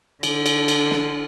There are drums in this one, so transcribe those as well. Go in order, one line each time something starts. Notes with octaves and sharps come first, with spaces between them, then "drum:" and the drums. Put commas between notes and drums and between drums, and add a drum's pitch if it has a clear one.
D3, drum: cymbal
drum: cymbal
drum: cymbal
drum: snare